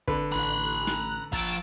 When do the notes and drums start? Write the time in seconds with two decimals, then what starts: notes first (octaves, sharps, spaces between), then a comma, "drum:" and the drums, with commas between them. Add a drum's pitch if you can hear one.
0.08 D3 B4, drum: kick
0.32 A1 A#5 B5 F#6
0.87 drum: snare
1.33 F3 A#5 E6 A6 D7, drum: kick